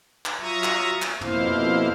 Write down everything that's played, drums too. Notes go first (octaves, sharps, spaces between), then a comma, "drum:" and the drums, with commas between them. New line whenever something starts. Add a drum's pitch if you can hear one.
drum: clap
F#3 F4 E5 A#5 C#6 D#6
drum: clap
drum: clap
F2 B2 A#3 E4 C5 F5, drum: tom